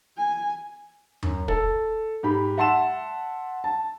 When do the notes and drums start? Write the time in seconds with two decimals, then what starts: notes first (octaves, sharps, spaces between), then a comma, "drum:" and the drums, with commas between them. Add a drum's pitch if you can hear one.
0.17 G#5
1.23 F#2, drum: tom D#2
1.48 A4, drum: kick
2.23 G#2 G4 B5
2.58 E5 F#5 A5 C6 E6 E7
3.64 A5